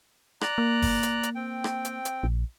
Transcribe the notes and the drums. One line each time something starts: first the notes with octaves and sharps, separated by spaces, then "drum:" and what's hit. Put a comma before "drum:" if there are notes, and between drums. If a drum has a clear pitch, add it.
D5 A#5 F#6, drum: rim click
A#3
drum: kick, open hi-hat
drum: hi-hat
drum: hi-hat
C4 G5
drum: rim click
drum: hi-hat
drum: hi-hat
A#1